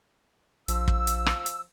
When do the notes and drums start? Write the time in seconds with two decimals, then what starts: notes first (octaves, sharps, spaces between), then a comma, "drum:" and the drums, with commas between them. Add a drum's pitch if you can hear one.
0.68 A#1 F3 E6, drum: hi-hat
0.88 drum: kick
1.07 drum: hi-hat
1.26 drum: rim click
1.46 drum: hi-hat